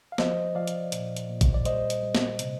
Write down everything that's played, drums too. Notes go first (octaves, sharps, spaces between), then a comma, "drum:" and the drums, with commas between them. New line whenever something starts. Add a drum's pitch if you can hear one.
F5
F3 C5 D#5, drum: snare
F3 D5 F5
drum: hi-hat
A#2, drum: hi-hat
drum: hi-hat
A#2
drum: kick A1, hi-hat
D5
G3 C5 D#5, drum: hi-hat
drum: hi-hat
G3
drum: snare
C3, drum: hi-hat